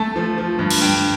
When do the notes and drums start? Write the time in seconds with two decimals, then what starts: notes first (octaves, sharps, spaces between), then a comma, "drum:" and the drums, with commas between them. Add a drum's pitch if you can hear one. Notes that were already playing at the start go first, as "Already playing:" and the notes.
Already playing: A3 A5
0.16 F3
0.38 F3
0.59 G2
0.70 drum: cymbal
0.81 G2 G5